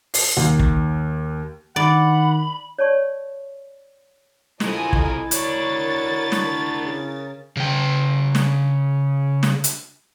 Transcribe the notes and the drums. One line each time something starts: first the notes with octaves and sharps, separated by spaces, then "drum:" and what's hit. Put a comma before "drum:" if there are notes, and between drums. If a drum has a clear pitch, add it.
C7, drum: open hi-hat
D#2
drum: kick
D#3 D5 F#5 B5
C#5 D5 A5 C#6
C3 C4 E4 F4 A4 A#4 D#5 G#5, drum: snare
drum: kick
D4 F#4 A#4 C#5 A6, drum: hi-hat
drum: snare
C#3
C#3 G5
drum: snare
drum: snare
drum: hi-hat